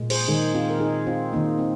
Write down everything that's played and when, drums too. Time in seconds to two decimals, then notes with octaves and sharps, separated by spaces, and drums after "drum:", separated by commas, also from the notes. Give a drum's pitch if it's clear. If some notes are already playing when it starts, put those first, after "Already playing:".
Already playing: A#2 G#3
0.10 G#4 C5, drum: cymbal
0.28 D#3 G#3 D#4 G#4
0.54 C4 F4
0.69 A#4
0.80 D#4 G#4
1.07 C4 F4
1.33 D#3 A#3 D#4
1.59 C4